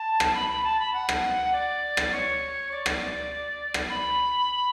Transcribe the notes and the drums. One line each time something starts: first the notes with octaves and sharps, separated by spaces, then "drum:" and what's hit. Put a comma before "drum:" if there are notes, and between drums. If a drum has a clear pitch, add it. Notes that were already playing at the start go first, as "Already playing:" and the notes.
Already playing: A5
drum: rim click
B5
B5
A5
B5
F#5
drum: rim click
D5
drum: rim click
C#5
D5
drum: rim click
drum: rim click
B5